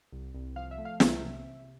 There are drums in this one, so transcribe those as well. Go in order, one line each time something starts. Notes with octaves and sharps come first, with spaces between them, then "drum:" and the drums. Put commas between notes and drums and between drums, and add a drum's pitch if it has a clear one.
C2
C2
F3 F5
E5
A3
F5
C2 E5, drum: snare
C3
C3